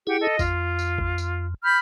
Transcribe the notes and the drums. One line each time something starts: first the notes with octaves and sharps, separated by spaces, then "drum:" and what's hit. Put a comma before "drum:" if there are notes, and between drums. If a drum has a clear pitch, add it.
E4 G4 G#4 F#5 G5
A4 D#5
F2 F4, drum: kick A1, tambourine
drum: tambourine
drum: kick A1
drum: tambourine
B5 F6 G6